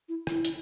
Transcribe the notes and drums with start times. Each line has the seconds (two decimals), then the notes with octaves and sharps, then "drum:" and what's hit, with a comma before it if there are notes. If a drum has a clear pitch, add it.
0.09 E4
0.27 E4, drum: rim click
0.45 drum: hi-hat